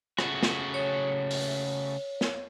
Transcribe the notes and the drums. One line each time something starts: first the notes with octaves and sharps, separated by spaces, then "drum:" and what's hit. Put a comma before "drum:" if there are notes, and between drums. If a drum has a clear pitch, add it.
C#3 A3 F#4, drum: rim click
drum: snare
C#5
drum: open hi-hat
drum: snare